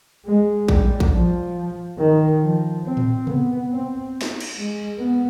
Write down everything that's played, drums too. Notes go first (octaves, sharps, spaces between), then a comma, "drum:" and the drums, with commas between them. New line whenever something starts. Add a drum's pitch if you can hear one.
G#3
G3, drum: kick
drum: kick
F3
D#3
F3
C4
drum: tom A2
B3, drum: tom C3
C4
drum: snare
drum: cymbal
G#3
B3